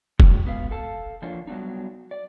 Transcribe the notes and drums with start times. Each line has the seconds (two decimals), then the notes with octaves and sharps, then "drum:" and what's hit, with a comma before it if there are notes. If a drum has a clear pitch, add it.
0.20 A2 D3 F#3 G3, drum: kick
0.45 G#2 B3 F5
0.71 A4 F5 A5
1.22 E3 F3 A#3 D4 F4 C#5
1.47 F#3 G3 B3 D4 D#4
2.11 D5